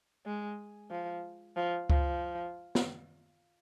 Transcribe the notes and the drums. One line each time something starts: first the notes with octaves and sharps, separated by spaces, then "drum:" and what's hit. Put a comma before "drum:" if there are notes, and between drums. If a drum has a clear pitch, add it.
G#3
F3
F3
F3, drum: kick C#2
drum: snare